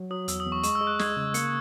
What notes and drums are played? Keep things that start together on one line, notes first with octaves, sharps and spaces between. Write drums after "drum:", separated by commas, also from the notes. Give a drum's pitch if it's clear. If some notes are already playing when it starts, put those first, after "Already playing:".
Already playing: F#3
F#3 D#6
E2 E6, drum: hi-hat
D#6
E2
C#6
G#3 C#6, drum: hi-hat
E6
G#3
F#6
G#3 G#6, drum: snare
C#3
A#3 C#7, drum: hi-hat